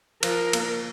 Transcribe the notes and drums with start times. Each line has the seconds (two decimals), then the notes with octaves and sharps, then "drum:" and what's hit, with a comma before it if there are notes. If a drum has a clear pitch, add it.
0.23 F3 A#4, drum: cymbal
0.53 A#3, drum: cymbal